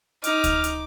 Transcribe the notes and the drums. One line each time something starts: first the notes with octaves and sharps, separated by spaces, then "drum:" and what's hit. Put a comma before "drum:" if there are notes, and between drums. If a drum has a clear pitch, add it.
D#4 D6 F6, drum: hi-hat
drum: kick D2, hi-hat
drum: hi-hat